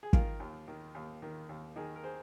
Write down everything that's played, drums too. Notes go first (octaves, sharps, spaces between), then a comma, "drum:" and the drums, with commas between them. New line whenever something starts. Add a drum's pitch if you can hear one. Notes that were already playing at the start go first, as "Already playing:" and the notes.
G#4
D#3 F4 A#4, drum: kick
D#2
D#3
D#2
D#3
D#2
D#3 D#4 G#4
A#4
G#4 C5